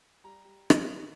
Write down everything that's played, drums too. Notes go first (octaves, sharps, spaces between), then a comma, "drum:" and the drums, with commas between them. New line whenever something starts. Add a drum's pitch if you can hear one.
G3 A#5
G3
drum: rim click